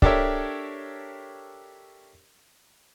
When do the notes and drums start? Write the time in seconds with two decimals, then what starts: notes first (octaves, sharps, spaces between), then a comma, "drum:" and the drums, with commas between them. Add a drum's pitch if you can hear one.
0.02 D4 G4 A4 A#4 C#5 E5, drum: kick C#1